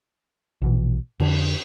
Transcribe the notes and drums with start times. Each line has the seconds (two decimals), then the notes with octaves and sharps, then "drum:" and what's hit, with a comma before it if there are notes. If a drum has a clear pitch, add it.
0.62 A#1 B2 E3
1.20 F2 D3 D4, drum: cymbal